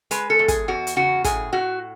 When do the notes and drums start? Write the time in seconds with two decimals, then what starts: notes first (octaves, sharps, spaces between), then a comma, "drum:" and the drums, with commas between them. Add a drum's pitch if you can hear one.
0.11 G#3 B4, drum: hi-hat
0.30 A4
0.39 E2
0.48 G#4, drum: kick, hi-hat
0.68 E2 F#4
0.87 drum: hi-hat
0.96 C#3 F#4
1.24 A2 G#4, drum: kick, hi-hat
1.52 A2 F#4